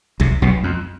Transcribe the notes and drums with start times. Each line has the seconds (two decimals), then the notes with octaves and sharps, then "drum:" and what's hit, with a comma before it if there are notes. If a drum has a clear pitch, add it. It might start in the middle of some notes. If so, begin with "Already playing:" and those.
0.20 C2 C3, drum: kick
0.42 B1 B2
0.64 F2